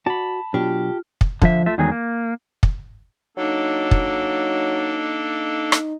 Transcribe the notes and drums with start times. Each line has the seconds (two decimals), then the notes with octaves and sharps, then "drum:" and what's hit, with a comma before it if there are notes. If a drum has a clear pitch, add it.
0.06 F#4 D5 A5 B5
0.54 B2 F#3 D4 F4 G4
1.21 drum: kick
1.42 D3 F3 E5, drum: kick
1.66 A3 F4 E5
1.78 E2 D#3 F#3 G#3 A3 G#4
1.92 A#3
2.63 drum: kick
3.37 F#3 A#3 D4 D#4 A4
3.91 drum: kick
5.72 drum: rim click